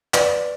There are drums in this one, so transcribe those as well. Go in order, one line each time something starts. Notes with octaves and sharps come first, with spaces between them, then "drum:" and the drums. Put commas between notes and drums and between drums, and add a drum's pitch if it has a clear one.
B4 D5, drum: clap